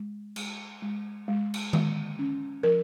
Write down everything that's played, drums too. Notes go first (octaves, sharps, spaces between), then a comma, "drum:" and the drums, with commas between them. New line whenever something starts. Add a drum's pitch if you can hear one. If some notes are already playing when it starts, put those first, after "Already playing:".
Already playing: G#3
G#3, drum: cymbal
G#3
G#3
drum: cymbal
G#3, drum: tom D#3
C#4
F3 A#4